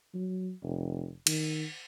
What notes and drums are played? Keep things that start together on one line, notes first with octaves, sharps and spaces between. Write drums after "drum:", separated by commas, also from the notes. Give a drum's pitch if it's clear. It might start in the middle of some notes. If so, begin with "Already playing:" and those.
F#3
F1
D#3, drum: cymbal